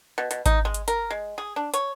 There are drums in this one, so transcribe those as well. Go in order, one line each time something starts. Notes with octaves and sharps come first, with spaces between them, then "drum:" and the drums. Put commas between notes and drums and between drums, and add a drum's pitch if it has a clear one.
B2
B2, drum: hi-hat
D#4, drum: kick G#1, hi-hat
G#3
drum: hi-hat
A#4, drum: hi-hat
G#3
G#4
D4
C#5, drum: hi-hat